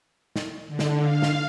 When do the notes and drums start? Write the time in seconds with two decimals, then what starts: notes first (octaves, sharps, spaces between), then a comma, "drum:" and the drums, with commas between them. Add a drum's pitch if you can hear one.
0.36 drum: snare
0.68 D3
0.79 drum: snare
1.01 F5
1.22 drum: snare